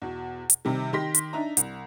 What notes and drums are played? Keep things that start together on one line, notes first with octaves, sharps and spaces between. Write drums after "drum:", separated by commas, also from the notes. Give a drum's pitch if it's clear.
E2 B2
drum: hi-hat
C3 D#3 G3
D#3 G4 C6 A#6 B6
drum: hi-hat
D4 D#4 E5 A#5
C2, drum: hi-hat